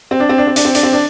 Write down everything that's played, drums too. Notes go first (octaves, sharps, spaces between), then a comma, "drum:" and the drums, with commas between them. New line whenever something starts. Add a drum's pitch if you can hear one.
C4
D4
C4
D4
C4
D4, drum: hi-hat
C4
D4, drum: hi-hat
C4
D4